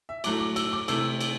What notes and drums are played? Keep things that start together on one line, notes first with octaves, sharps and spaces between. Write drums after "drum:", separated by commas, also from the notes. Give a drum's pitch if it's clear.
E5
A2 F#3 A3 D6, drum: cymbal
D6
E6, drum: cymbal
D6
C3 E3 A3 E6, drum: cymbal
drum: cymbal